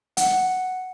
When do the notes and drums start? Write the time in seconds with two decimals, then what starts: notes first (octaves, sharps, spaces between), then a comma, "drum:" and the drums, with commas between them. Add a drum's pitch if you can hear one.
0.17 F#5, drum: hi-hat